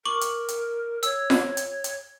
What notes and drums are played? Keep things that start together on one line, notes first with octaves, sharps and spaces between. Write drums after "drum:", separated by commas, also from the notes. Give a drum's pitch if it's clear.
A#4 C#6 D6 F#7
drum: hi-hat
drum: hi-hat
C#5 E6, drum: hi-hat
drum: snare F4
drum: hi-hat
drum: hi-hat